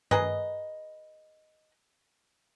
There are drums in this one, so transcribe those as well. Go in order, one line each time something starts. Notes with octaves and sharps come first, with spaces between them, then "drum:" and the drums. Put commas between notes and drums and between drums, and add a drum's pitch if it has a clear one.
G#4 A#4 B4 D#5, drum: tom G2